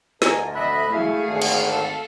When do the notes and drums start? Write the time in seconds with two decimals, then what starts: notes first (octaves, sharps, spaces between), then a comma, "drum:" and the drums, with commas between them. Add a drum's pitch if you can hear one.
0.22 D2 A4 A#4 D#5 G#5, drum: snare
0.52 D#5 E5 B5 F#6
0.90 A3 E4 F#4 G#4 F5
1.28 G#1 D3
1.42 drum: cymbal
1.67 A4